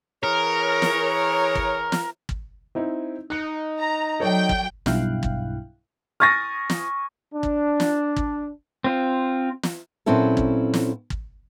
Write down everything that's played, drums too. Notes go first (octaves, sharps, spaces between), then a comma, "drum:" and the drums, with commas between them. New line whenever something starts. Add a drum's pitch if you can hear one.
E3 G#4 A#4 C#5
drum: snare
drum: kick
drum: snare
drum: kick
C4 D#4 E4
D#4 F#6 C#7
A#5
F#3 A4 C#5 D5 G5
drum: kick
B1 G2 E4 F5 G5 F#6, drum: snare
drum: kick
G#5 C#6 D#6 F6 A6 A#6
drum: snare
D4
drum: kick
drum: snare
drum: kick
C4 F4
drum: snare
A#2 F#3 C4 C#4 E4 A4
drum: kick
drum: snare
drum: kick